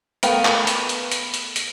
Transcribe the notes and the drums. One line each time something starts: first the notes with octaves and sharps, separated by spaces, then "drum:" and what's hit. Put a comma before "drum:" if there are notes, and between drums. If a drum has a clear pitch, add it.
A3 B3 A#4 B4 F5 G5, drum: hi-hat
drum: clap
drum: hi-hat
drum: hi-hat
drum: hi-hat
drum: hi-hat
drum: hi-hat